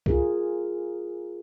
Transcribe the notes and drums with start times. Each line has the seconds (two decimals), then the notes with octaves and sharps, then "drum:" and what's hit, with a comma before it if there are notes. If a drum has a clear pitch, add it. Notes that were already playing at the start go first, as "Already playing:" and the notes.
0.06 F4 G#4 A#4, drum: kick C2